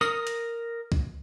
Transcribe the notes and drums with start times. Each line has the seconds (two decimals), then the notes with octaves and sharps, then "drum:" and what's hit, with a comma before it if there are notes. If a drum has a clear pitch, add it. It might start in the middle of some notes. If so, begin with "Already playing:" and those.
0.01 A#4 D#6, drum: tambourine
0.27 drum: hi-hat
0.92 drum: kick